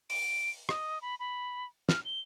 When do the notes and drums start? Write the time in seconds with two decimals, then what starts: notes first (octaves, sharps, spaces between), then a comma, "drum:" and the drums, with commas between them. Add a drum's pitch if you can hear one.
0.10 D7, drum: open hi-hat
0.69 D#5, drum: rim click
1.01 B5
1.19 B5
1.89 F6, drum: snare
2.05 G7